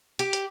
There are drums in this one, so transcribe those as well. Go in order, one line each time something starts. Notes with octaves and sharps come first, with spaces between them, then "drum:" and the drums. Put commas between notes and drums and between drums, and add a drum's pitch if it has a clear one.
G4, drum: hi-hat
drum: hi-hat